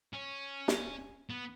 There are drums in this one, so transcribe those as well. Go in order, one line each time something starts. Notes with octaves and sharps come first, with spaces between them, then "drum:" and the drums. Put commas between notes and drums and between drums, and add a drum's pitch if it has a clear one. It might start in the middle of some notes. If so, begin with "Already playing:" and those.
C#4
drum: snare
B3